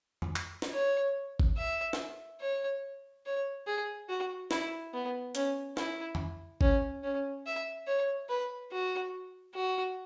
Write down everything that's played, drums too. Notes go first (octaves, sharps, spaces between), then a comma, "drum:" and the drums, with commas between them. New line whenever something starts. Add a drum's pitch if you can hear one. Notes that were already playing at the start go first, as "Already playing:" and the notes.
drum: tom F2
drum: clap
drum: snare
C#5
drum: kick G#1
E5
drum: snare
C#5
C#5
G#4
F#4
E4, drum: snare
B3
C#4, drum: hi-hat
E4, drum: snare
drum: tom F2
C#4, drum: kick G#1
C#4
E5
C#5
B4
F#4
F#4